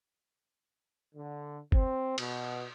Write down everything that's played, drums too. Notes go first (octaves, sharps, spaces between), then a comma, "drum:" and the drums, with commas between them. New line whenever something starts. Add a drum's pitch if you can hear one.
D3
C4, drum: kick
B2, drum: cymbal